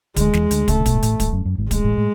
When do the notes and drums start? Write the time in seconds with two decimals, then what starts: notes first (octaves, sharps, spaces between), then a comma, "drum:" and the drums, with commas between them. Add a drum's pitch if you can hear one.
0.16 D2 D3 G#3, drum: kick, hi-hat
0.33 E2 E3, drum: snare
0.51 D2 D3, drum: hi-hat
0.68 C#2 C#3 A3, drum: kick, hi-hat
0.80 C#3
0.86 B1 B2, drum: kick, hi-hat
0.94 G#2
1.02 A1 A2, drum: hi-hat
1.20 G#1 G#2, drum: kick, hi-hat
1.33 F#2
1.45 F#2
1.58 G#1 G#2
1.71 A1 A2 G#3, drum: kick, hi-hat
1.84 A1 A2
1.97 A2